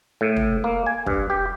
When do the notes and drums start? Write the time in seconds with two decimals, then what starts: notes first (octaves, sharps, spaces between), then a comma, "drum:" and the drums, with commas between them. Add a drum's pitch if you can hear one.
0.21 A2
0.36 drum: tom
0.64 A#3
0.86 G#5
1.06 G2, drum: kick
1.30 G4